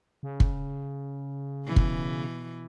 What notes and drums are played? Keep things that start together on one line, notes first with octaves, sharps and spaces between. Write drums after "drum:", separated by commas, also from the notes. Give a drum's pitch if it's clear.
C#3
drum: kick
B2 E3
drum: kick